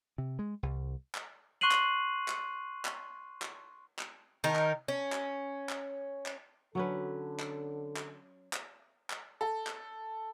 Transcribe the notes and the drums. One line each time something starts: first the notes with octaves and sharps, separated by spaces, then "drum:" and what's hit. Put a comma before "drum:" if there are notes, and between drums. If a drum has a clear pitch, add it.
C3
G#3
C2
drum: clap
C6 C#6 F#6 C7 D#7 F#7
drum: clap
drum: clap
drum: clap
drum: clap
drum: clap
D#3 D#4 A#4
drum: clap
C#4
drum: clap
drum: clap
drum: clap
D3 F#3 C#4 A4 B4
drum: clap
drum: clap
drum: clap
drum: clap
A4
drum: clap